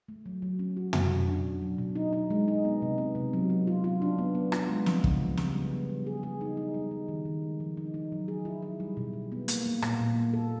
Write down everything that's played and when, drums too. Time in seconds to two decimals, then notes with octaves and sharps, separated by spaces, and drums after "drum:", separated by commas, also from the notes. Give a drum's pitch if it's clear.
0.08 A3
0.26 F#3
0.42 F#3
0.59 C#4
0.77 F#4
0.93 F#4, drum: tom
1.10 C#4
1.28 D4
1.44 B2
1.62 F#3
1.78 B2
1.96 D#4
2.13 D#4
2.30 G#3
2.48 D#4
2.65 B3
2.82 C3
2.98 B3
3.15 C3
3.33 F#3
3.50 F#3
3.67 F4
3.84 F4
4.02 D4
4.18 B3
4.35 B3
4.52 F4, drum: rim click
4.69 G#3
4.86 F3, drum: snare
5.04 C#3, drum: kick
5.20 C#3
5.37 G3, drum: snare
5.55 B3
5.72 B3
5.89 G3
6.06 G#4
6.23 G#4
6.41 D#4
6.57 D#4
6.74 G3
6.91 G3
7.08 D#3
7.25 D#3
7.43 G#3
7.60 F3
7.77 D#4
7.94 D#4
8.12 F#3
8.28 G#4
8.45 E4
8.62 E4
8.80 G3
8.97 B2
9.13 B2
9.32 B3
9.48 A#3, drum: hi-hat
9.66 A#3
9.82 A#2, drum: rim click
10.00 A#2
10.16 A#3
10.34 A4